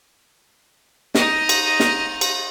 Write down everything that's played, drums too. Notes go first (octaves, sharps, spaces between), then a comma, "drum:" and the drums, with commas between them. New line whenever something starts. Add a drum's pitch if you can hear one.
D#4 D#5, drum: snare
drum: cymbal
drum: snare
drum: cymbal